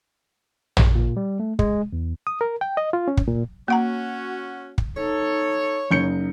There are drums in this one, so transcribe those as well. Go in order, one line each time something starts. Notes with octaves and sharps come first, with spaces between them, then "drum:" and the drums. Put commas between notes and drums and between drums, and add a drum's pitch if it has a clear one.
drum: tom
A#2
G3
A3
G#3, drum: kick
E2
D#6
A#4
G5
D#5
F4
C#4
drum: kick
A#2
A#3 C#4 F#4 F#5 A#5
drum: kick
D#4 A4 C#5
F#1 D#4 G6 C#7